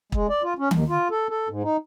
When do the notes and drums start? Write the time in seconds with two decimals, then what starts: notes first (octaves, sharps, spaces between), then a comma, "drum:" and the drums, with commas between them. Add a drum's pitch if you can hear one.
0.12 G#3, drum: kick
0.30 D5
0.43 F4
0.59 C#4
0.71 D#2, drum: tom D#3
0.89 F4
1.11 A4
1.30 A4
1.49 G#2
1.63 D#4